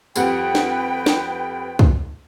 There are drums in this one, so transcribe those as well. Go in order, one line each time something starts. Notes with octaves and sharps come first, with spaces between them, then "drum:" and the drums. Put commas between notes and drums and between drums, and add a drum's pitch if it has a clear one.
F2 G3 B4 F#5 G5, drum: tambourine
drum: snare
drum: snare
drum: kick